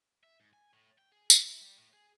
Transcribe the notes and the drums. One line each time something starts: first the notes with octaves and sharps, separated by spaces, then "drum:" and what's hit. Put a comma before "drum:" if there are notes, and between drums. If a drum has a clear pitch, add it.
E5
G#2
G#5
A2
G5
G#4
D3, drum: tambourine
E4
G3
A2
G#4